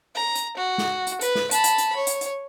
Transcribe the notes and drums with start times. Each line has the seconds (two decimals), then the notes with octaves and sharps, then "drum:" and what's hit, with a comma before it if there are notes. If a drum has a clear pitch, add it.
0.15 A#5
0.35 drum: hi-hat
0.57 F#4
0.78 drum: snare
1.07 drum: hi-hat
1.21 B4, drum: hi-hat
1.35 drum: snare
1.51 A5 B5, drum: hi-hat
1.64 drum: hi-hat
1.78 drum: hi-hat
1.96 C#5
2.07 drum: hi-hat
2.21 drum: hi-hat